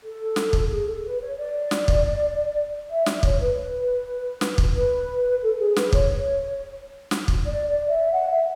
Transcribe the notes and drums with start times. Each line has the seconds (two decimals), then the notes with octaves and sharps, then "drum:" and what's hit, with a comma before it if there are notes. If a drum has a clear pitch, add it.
0.03 A4
0.36 drum: snare
0.53 drum: kick
0.70 G#4
0.87 A4
1.04 B4
1.20 C#5
1.37 D5
1.71 drum: snare
1.88 drum: kick
2.90 E5
3.06 D5, drum: snare
3.23 C#5, drum: kick
3.40 B4
4.41 drum: snare
4.58 drum: kick
4.74 B4
5.42 A4
5.59 G#4
5.76 B4, drum: snare
5.93 C#5, drum: kick
7.11 drum: snare
7.28 drum: kick
7.44 D5
7.67 D5
7.90 E5
8.12 F#5
8.30 E5